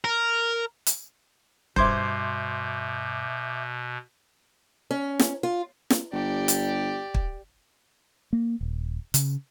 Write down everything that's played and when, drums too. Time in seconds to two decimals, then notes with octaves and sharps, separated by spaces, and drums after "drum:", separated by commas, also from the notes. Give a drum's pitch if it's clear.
0.04 A#4
0.87 drum: hi-hat
1.76 G2 B2 C5 E5 C6 D6 G6 G#6, drum: kick
4.91 C#4
5.19 drum: snare
5.43 F4
5.90 drum: snare
6.13 G1 G4 D5
6.48 drum: hi-hat
7.14 drum: kick
8.33 A#3
8.61 D#1
9.14 C#3, drum: hi-hat